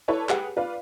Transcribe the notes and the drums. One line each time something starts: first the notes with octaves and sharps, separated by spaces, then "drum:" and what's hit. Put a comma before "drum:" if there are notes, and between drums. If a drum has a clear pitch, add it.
E4 A4 B4 C#5 D5 A5
G4 G#4 B4 F#5, drum: clap
F4 B4 D5 F5